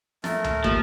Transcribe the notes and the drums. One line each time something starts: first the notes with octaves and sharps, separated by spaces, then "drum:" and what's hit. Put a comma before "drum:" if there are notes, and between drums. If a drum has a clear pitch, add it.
A3 A#4 A6, drum: snare
drum: tom C#2
D#2 A2 F3, drum: kick